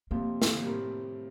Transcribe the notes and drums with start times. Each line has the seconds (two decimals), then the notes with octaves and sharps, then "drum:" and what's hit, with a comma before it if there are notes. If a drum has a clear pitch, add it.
0.11 F2 C3 G3 A#3 C4 F4
0.42 drum: snare
0.63 A2 G3 C4 G4 A#4